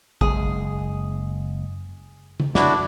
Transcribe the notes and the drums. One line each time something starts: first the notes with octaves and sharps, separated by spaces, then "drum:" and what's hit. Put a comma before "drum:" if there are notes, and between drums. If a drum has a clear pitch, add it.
F#1 G#3 G#4, drum: kick
drum: tom
F#2 D3 D4 E4 F#4 D5, drum: snare